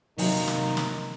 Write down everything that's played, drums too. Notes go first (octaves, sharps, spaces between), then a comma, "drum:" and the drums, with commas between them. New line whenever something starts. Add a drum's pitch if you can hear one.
C3 D#3 F#3 G3 A#3 D#4 E5, drum: open hi-hat
drum: snare
drum: snare